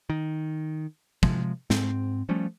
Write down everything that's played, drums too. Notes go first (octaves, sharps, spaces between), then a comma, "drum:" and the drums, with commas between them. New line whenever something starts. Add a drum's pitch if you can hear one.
D#3
C3 F3 G#3, drum: kick
G#2 C4, drum: snare
F3 G3 A3 C#4